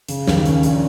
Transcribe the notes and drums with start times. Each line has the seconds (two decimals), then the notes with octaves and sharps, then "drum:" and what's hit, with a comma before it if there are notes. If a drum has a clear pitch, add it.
0.08 C#3, drum: hi-hat
0.27 D#2, drum: snare
0.46 C#4, drum: hi-hat
0.63 A#1, drum: hi-hat